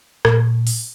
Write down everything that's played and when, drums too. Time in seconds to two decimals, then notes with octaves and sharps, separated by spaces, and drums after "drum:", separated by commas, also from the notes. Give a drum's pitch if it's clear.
0.25 A#2, drum: rim click
0.67 drum: open hi-hat